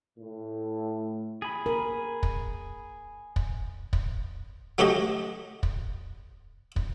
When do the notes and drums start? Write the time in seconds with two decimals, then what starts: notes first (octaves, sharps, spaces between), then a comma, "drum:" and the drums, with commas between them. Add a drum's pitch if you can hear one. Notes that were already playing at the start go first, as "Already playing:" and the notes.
0.18 A2
1.42 G#4 B5
1.66 A#4
2.23 drum: kick
3.36 drum: kick
3.93 drum: kick
4.78 F#3 A3 F#4 G4 D#5
5.63 drum: kick
6.76 drum: kick